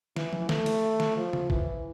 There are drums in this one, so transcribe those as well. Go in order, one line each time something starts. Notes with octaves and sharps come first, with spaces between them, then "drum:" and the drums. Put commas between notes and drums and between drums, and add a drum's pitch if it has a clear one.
E3, drum: snare
drum: tom F3
A3, drum: snare
drum: cymbal
drum: snare
F3
drum: tom C#3
E3, drum: kick G#1